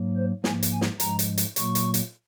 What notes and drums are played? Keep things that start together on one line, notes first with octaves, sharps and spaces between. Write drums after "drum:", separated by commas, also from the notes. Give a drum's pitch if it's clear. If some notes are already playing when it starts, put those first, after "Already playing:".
Already playing: G#2 F#3 A#3
C5
G#2 F3 A#3 G#5, drum: snare
drum: hi-hat
G#5
drum: snare
G#2 F3 G#3 A#5, drum: hi-hat
drum: hi-hat
drum: hi-hat
A#2 F#3 A#3 C#6, drum: hi-hat
drum: hi-hat
drum: hi-hat